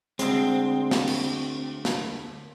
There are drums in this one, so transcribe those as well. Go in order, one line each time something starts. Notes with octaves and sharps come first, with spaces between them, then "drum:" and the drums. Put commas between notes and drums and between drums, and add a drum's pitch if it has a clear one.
D2 G#3 C4, drum: hi-hat
drum: snare
drum: cymbal
drum: snare